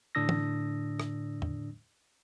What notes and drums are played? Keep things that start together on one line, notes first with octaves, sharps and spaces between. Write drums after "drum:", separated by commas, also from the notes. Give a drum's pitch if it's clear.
A2 D3 D4 D#6 E6 A#6
drum: tom
drum: rim click
drum: tom E2